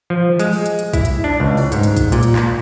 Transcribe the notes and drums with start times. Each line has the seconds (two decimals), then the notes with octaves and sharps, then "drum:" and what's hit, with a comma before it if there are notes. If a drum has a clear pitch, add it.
0.10 F3
0.40 G#3, drum: hi-hat
0.53 drum: open hi-hat
0.66 drum: hi-hat
0.79 drum: hi-hat
0.94 E4, drum: kick, hi-hat
1.05 drum: hi-hat
1.24 D4
1.40 C#2
1.57 drum: open hi-hat
1.72 G#2, drum: hi-hat
1.83 drum: hi-hat
1.97 drum: kick, hi-hat
2.12 A#2, drum: hi-hat
2.23 drum: hi-hat
2.36 drum: clap